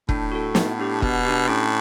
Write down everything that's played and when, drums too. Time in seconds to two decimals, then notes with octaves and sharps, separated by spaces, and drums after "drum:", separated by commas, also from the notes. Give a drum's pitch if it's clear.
0.09 A2 D4, drum: kick E1
0.32 F#4 A4
0.55 B3, drum: snare
0.79 D4 G4
1.02 B2 B3, drum: kick E1
1.25 D4 G4
1.49 A2 C#4